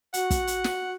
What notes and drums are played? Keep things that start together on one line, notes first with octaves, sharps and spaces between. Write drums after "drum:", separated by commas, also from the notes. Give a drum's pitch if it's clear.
F#4 F#5, drum: hi-hat
drum: kick, hi-hat
drum: hi-hat
drum: snare